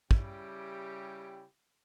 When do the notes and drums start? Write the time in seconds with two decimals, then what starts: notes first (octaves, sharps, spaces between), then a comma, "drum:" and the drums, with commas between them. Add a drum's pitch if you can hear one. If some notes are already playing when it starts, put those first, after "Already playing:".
0.11 C#3 G3 E4 G4, drum: kick